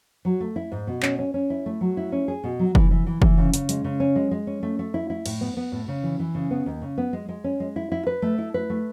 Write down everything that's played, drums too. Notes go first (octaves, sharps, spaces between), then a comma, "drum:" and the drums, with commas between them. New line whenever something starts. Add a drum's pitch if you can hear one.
F#3
A3
E4
G#2
B2
C#4, drum: clap
C#4
C#4
E4
A3
F#3
E4
C#4
G#4
B2
F#3
E3, drum: kick
E3
E3
E3, drum: kick
C#3
C#3, drum: hi-hat
G#3, drum: hi-hat
C#3
C#4
G#3
G#3
C#4
A3
A3
E4
E4
A2, drum: cymbal
B3
B3
A2
C#3
E3
E3
C#3
B3
D#2
C#3
B3
G#3
G#3
C#4
G#3
E4
E4
B4
A3
E4
B4
A3